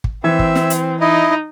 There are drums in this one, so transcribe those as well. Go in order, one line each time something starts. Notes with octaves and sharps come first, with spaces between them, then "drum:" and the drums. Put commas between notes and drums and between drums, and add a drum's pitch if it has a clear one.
drum: kick
E3 C4 E5 G#6
drum: kick
drum: snare
drum: hi-hat
D#4 E4 D#5